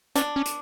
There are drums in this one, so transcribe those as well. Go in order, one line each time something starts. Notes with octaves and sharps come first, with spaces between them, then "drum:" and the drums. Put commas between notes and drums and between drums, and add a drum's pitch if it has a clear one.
C#4 D4, drum: hi-hat
C#4
drum: hi-hat